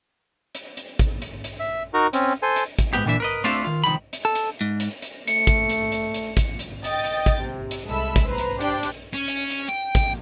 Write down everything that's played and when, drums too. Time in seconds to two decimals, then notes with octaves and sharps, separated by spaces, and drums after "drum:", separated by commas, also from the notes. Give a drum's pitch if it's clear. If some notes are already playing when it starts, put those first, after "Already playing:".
0.55 drum: hi-hat
0.77 drum: hi-hat
0.99 drum: kick, hi-hat
1.22 drum: hi-hat
1.44 drum: hi-hat
1.60 E5
1.94 D#4 F#4 A#4
2.13 C4 C#4, drum: hi-hat
2.42 A4 C5 G#5
2.56 drum: hi-hat
2.79 drum: kick, hi-hat
2.93 G#2 B3 G4
3.06 A#2 D3 E3 D4 E5
3.20 A#4 B4 D#5
3.44 A3 C4 D4 F4 G4 A4, drum: hi-hat
3.64 D#3 F4
3.84 C2 D#3 F3 B5
4.13 drum: hi-hat
4.25 A4
4.35 drum: hi-hat
4.61 G#2
4.80 drum: hi-hat
5.02 drum: hi-hat
5.27 A3 C#7, drum: hi-hat
5.47 drum: kick, hi-hat
5.70 drum: hi-hat
5.92 drum: hi-hat
6.14 drum: hi-hat
6.37 drum: kick, hi-hat
6.59 drum: hi-hat
6.84 D#5 G5 A6, drum: hi-hat
7.04 drum: hi-hat
7.26 drum: kick, hi-hat
7.41 C3
7.71 drum: hi-hat
7.88 C2 G#3 A4 E5 B5 E6
8.16 drum: kick, hi-hat
8.26 B4 C5 A#5
8.38 drum: hi-hat
8.61 D4 G4 C5 D5 G5, drum: hi-hat
8.83 drum: hi-hat
9.13 C#4
9.28 drum: hi-hat
9.50 drum: hi-hat
9.69 G5
9.95 drum: kick, hi-hat